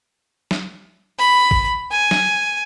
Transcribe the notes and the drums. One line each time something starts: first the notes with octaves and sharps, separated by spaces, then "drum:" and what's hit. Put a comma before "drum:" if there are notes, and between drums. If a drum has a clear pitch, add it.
drum: snare
B5
drum: kick
G#5
drum: snare